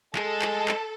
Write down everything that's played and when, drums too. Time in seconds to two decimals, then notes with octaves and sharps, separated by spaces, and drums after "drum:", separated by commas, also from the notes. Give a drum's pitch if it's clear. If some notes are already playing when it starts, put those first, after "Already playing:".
0.15 G#3 A4, drum: clap
0.42 drum: clap
0.68 drum: clap